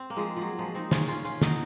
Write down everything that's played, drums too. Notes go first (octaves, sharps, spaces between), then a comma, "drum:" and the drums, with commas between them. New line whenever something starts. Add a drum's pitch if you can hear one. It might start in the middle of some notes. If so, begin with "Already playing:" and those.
Already playing: C4
A#3
F3 G#3
F3 F#3
F3 G#3
C4 D#4
C#4 F4, drum: snare
C#4 F4
C#4 F4
D#4 F#4, drum: snare